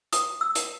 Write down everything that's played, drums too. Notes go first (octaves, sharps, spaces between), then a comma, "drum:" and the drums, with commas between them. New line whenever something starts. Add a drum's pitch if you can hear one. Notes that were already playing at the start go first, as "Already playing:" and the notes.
D#6, drum: hi-hat
E6
drum: hi-hat